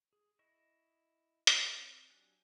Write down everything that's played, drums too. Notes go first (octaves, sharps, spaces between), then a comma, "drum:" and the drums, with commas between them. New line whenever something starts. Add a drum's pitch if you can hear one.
G#4
E4 D#5 C#6
drum: hi-hat
C4
F#3 D4 G4 G#5 F#6